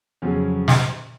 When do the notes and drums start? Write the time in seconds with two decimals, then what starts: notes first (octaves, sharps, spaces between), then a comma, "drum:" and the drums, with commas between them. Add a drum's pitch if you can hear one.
0.22 F2 C#3 F#3 C#4 G#4
0.68 drum: snare